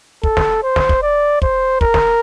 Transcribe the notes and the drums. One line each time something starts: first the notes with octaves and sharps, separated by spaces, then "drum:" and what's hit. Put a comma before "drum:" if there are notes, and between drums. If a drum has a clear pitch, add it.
A4, drum: kick
drum: snare
C5
drum: snare
drum: kick
D5
C5, drum: kick
A#4, drum: kick
drum: snare